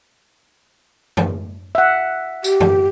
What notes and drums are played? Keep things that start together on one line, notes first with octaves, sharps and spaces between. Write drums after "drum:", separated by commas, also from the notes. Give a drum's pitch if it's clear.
drum: tom F#2
E5 F#5
G4, drum: tambourine
drum: tom F#2